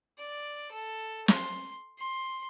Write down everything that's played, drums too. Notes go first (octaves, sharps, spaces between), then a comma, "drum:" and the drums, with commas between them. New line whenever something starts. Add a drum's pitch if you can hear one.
D5
A4
C6, drum: snare
C6